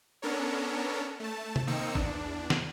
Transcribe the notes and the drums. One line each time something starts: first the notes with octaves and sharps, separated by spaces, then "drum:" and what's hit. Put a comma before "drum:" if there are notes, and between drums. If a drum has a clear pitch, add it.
B3 C#4 D4 A4 A#4 C#5
A3 A5
drum: tom C3
D#3 A#3 C4 D#4 E6 C#7
E2 D4, drum: kick
drum: snare